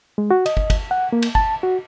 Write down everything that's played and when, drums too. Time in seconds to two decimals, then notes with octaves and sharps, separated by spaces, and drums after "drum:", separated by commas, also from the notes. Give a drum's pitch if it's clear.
0.18 G#3
0.31 F#4
0.46 D#5, drum: cymbal
0.57 drum: kick
0.70 drum: kick, cymbal
0.91 F#5
1.13 A#3
1.22 drum: cymbal
1.35 A5, drum: kick
1.63 F#4